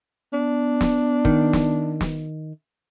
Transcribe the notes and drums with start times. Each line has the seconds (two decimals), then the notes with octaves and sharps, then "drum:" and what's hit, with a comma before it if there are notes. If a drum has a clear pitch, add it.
0.33 B3 D4
0.81 drum: snare
1.25 D#3, drum: kick
1.53 drum: snare
2.01 drum: snare